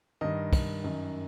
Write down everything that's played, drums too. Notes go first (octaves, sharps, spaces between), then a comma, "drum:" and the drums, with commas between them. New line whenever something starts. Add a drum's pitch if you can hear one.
G2 D#3 D#5
drum: kick, cymbal
F#2 D#3